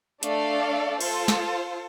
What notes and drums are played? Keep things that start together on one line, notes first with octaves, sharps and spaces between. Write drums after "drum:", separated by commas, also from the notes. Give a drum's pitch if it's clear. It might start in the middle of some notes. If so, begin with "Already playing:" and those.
A3 D4 A4 D5 F5, drum: hi-hat
F4 A4 C5, drum: cymbal
drum: snare